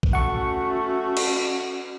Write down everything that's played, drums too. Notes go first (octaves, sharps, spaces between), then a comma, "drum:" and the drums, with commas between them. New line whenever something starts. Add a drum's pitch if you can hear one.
drum: kick A#1
A3 C#4 F#4 F#5 C#6
drum: cymbal